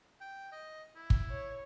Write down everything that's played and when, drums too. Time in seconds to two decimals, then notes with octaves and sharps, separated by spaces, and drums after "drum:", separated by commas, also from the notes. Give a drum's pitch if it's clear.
0.21 G5
0.52 D#5
0.96 E4
1.10 drum: kick
1.30 C#5